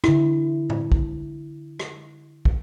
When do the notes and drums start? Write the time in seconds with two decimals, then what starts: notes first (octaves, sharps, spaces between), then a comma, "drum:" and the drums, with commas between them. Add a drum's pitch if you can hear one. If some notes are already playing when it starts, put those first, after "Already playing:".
0.04 D3 E4, drum: rim click
0.70 drum: tom A2
0.92 drum: kick
1.79 drum: rim click
2.45 drum: kick